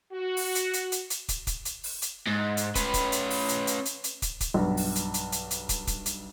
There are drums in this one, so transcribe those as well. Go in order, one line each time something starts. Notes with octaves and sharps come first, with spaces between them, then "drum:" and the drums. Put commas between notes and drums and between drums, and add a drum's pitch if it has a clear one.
F#4
drum: open hi-hat
drum: hi-hat
drum: hi-hat
drum: hi-hat
drum: hi-hat
drum: kick, hi-hat
drum: kick, hi-hat
drum: hi-hat
drum: open hi-hat
drum: hi-hat
G#2
drum: hi-hat
C#4 B4, drum: kick, hi-hat
drum: kick, hi-hat
drum: hi-hat
drum: open hi-hat
drum: hi-hat
drum: hi-hat
drum: hi-hat
drum: hi-hat
drum: kick, hi-hat
drum: kick, hi-hat
B1 G2
drum: open hi-hat
drum: hi-hat
drum: hi-hat
drum: hi-hat
drum: hi-hat
drum: kick, hi-hat
drum: kick, hi-hat
drum: hi-hat